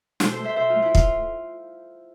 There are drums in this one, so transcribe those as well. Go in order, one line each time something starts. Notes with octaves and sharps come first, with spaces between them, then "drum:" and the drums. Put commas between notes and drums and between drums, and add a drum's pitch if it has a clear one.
B2 A4 C5, drum: snare
A4 C5
A3
C5 E5
B2 C5 E5
F4
A3
E4
F4, drum: kick